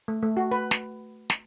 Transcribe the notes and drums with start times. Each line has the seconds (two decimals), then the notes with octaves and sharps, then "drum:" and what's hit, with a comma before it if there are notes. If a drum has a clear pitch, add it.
0.08 A3
0.22 A3
0.37 F#4
0.51 B4
0.71 drum: snare
1.30 drum: snare